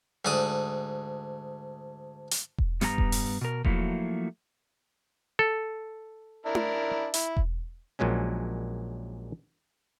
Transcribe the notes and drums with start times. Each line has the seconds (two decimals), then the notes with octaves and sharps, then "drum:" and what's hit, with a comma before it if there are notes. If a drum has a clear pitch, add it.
0.25 D2 G#2 D5 A5 D#6
2.31 drum: hi-hat
2.58 drum: kick E1
2.81 G2 G3 B3 G4 A#5, drum: snare
2.98 drum: kick E1
3.12 drum: open hi-hat
3.41 B2 A#4
3.64 F3 F#3 A3 A#3 E4 F#4, drum: kick E1
5.39 A4
6.46 D4 E4 A#4
6.55 drum: tom E4
7.14 E4, drum: hi-hat
7.37 drum: kick E1
7.99 A#1 A#2 F#3 G#3 C#4